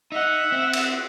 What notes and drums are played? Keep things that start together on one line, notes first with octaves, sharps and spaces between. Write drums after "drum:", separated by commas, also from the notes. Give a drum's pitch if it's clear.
D#4 E5 F#5
C4
drum: cymbal